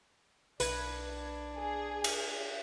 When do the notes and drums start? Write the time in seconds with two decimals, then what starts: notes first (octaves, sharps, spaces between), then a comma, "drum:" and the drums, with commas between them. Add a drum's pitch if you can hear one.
0.60 B1 D4 B4 G#6, drum: hi-hat
1.56 G#4
2.04 drum: cymbal